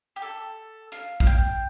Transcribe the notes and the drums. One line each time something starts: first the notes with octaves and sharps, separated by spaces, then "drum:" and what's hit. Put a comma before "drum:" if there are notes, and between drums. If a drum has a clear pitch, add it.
G4
A4
F5, drum: hi-hat
F5, drum: kick
G5